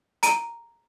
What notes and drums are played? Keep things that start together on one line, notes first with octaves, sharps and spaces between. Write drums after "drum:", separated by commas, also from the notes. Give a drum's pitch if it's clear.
A#5 D7 D#7, drum: hi-hat